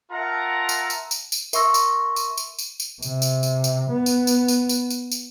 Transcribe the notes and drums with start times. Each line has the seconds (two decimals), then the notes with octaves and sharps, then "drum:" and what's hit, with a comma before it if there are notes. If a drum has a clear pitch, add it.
0.11 F4 A#4 E5 F#5 A5 A#5
0.69 drum: tambourine
0.90 drum: tambourine
1.11 drum: tambourine
1.32 drum: tambourine
1.53 A#4 E5 C6 C#6 E6 A#6, drum: tambourine
1.74 drum: tambourine
2.16 drum: tambourine
2.37 drum: tambourine
2.59 drum: tambourine
2.80 drum: tambourine
3.02 C3, drum: tambourine
3.22 drum: tambourine
3.43 drum: tambourine
3.64 drum: tambourine
3.91 B3
4.06 drum: tambourine
4.27 drum: tambourine
4.48 drum: tambourine
4.69 drum: tambourine
4.90 drum: tambourine
5.12 drum: tambourine